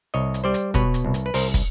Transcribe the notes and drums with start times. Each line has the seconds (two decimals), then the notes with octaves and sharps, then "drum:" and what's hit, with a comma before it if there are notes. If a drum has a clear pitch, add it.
0.14 C2 C#5 D#5
0.34 drum: hi-hat
0.44 G3 C5 D5
0.54 drum: hi-hat
0.74 B2 B4 C#5, drum: kick, hi-hat
0.94 drum: hi-hat
1.05 C2
1.14 drum: hi-hat
1.26 B4
1.34 C2 A#4 C5, drum: open hi-hat
1.54 drum: kick, hi-hat